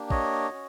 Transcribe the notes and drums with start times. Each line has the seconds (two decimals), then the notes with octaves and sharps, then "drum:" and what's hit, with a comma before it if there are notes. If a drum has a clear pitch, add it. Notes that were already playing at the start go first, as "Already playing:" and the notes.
Already playing: A#3 D4 G4
0.10 C#5 D#5, drum: kick
0.50 C#4 F#4